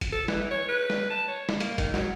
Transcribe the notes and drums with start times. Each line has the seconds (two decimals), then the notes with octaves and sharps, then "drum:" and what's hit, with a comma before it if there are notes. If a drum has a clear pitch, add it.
0.01 drum: kick, hi-hat
0.12 A4
0.28 E3, drum: snare
0.51 C#5
0.69 B4
0.90 drum: snare
1.11 A5
1.28 C#5
1.49 drum: snare
1.60 A#3, drum: hi-hat
1.78 D#3, drum: kick, hi-hat
1.94 F#3, drum: snare